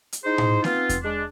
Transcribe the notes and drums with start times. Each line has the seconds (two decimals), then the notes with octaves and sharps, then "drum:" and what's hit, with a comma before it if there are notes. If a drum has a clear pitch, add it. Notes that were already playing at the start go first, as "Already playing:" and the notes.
0.13 drum: hi-hat
0.25 D#4 E4 G#4 C5
0.38 drum: tom A2
0.64 B3 C4 D#4 F4, drum: snare A#3
0.89 drum: kick E2, hi-hat
1.03 G#3 D4